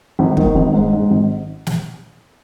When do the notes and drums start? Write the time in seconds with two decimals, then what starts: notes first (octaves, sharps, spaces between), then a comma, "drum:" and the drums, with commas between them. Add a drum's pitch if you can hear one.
0.19 G#1
0.37 D#3, drum: kick
0.55 G#1
0.74 G#2
0.93 G#2
1.10 G#1
1.67 drum: snare